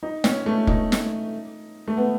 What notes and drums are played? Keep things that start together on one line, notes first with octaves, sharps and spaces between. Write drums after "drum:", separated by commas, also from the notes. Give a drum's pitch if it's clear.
D#4
C#4, drum: snare
A3
D#4, drum: kick
drum: snare
A3
B3